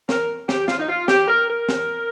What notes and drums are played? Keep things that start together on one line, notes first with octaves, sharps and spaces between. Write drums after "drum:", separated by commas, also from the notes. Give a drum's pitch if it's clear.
A#4, drum: snare
G4, drum: snare
F4, drum: snare
D#4
F4
G4, drum: snare
A#4
A#4
drum: snare